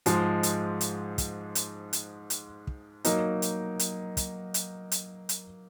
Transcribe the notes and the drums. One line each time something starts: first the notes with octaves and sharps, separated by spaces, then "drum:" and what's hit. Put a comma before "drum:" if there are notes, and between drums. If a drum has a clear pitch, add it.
G#2 F3 G#3, drum: hi-hat
drum: hi-hat
drum: hi-hat
drum: kick, hi-hat
drum: hi-hat
drum: hi-hat
drum: hi-hat
drum: kick
F#3 A#3 D#4, drum: hi-hat
drum: hi-hat
drum: hi-hat
drum: kick, hi-hat
drum: hi-hat
drum: hi-hat
drum: hi-hat